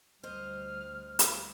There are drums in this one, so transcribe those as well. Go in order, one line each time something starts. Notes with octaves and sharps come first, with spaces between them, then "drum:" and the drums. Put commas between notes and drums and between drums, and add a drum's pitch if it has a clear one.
D2 G3 C5 D#5 F6
drum: hi-hat